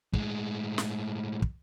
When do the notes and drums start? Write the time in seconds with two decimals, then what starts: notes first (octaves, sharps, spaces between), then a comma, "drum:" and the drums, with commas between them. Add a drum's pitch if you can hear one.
0.13 A2 G#3, drum: kick
0.78 drum: snare
1.42 drum: kick